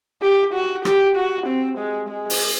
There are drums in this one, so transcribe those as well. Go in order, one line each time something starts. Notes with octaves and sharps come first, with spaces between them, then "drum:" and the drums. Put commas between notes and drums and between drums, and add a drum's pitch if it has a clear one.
G4
F#4
G4, drum: rim click
F#4
C4
G#3
G#3
drum: open hi-hat